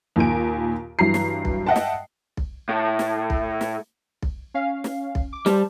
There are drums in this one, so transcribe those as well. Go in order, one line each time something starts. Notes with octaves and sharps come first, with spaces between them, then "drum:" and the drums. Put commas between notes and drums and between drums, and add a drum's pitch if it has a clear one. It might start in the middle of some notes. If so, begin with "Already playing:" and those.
D#2 A#2 G#5 D7
G2 E3 F#3 A#5 C7
drum: snare
drum: kick B1
D#5 E5 F#5 G5 A5
drum: snare
drum: kick B1
A2
drum: snare
drum: kick B1
drum: snare
drum: kick B1
C#4 F5
drum: snare
drum: kick B1
D6
G3 C5 A5, drum: snare